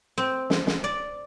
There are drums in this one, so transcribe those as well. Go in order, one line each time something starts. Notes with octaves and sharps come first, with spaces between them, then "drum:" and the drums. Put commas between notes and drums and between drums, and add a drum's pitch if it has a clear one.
C4
drum: snare
drum: snare
D5